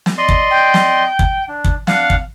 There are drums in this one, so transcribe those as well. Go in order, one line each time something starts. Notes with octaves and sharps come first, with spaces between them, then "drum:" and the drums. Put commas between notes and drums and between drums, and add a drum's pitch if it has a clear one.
drum: snare
D5 D#5 C6
drum: kick
G5
drum: snare
drum: kick
D4
drum: kick
D4 F5 F#5, drum: snare
drum: kick